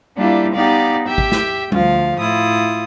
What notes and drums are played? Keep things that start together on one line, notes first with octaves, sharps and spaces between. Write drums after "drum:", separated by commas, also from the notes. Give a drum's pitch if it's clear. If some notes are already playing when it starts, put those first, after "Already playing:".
G3 A#3 D4 E4 F4 G4
B3 D#4 G4 D5 F5
G4 E5 G5
drum: kick
drum: snare
D2 F3 F4 F5, drum: tom G3
A2 E4 F4 D#6